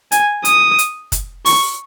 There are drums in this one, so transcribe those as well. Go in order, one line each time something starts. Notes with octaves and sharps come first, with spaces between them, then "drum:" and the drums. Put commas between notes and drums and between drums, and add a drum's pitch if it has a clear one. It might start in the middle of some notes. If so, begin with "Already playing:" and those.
G#5, drum: hi-hat
D#6, drum: hi-hat
drum: hi-hat
drum: kick, hi-hat
C#6, drum: open hi-hat